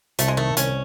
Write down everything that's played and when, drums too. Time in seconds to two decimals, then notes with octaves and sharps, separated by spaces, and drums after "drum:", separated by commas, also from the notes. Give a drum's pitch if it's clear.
0.19 C2 A3, drum: hi-hat
0.28 G#3
0.37 D#3 A3
0.57 C2 C#4, drum: hi-hat